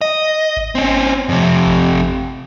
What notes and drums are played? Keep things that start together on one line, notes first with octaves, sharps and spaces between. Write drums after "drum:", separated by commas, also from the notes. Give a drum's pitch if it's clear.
D#5
drum: kick G#1
C4 C#4
F2 C3
drum: kick G#1